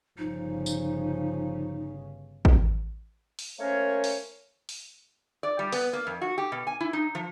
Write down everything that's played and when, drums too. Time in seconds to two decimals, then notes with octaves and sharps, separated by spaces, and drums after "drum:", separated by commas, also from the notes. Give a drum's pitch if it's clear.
0.18 G1 C#3 F3 D#4
0.66 drum: tambourine
2.45 drum: kick A1
3.39 drum: open hi-hat
3.59 A3 A#3 C#4 A#4 C5 C#5
4.04 drum: open hi-hat
4.69 drum: open hi-hat
5.43 D5
5.59 G3
5.72 B3, drum: open hi-hat
5.93 A#3
6.07 F2
6.22 F#4
6.38 G4
6.52 B2
6.67 G#5
6.81 E4
6.93 D#4
7.15 F3